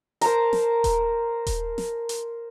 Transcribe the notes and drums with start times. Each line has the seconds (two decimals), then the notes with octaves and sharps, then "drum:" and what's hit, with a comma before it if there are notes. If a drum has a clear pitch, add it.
0.21 A#4 C5 A5 A#5, drum: hi-hat
0.53 drum: snare
0.84 drum: kick D#1, hi-hat
1.47 drum: kick D#1, hi-hat
1.78 drum: snare
2.09 drum: hi-hat